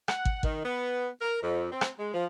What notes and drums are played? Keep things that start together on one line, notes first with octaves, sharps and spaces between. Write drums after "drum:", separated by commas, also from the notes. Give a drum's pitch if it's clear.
F#5, drum: rim click
drum: kick
D#3, drum: kick
B3
A#4
F2
C4
drum: rim click
G#3
F3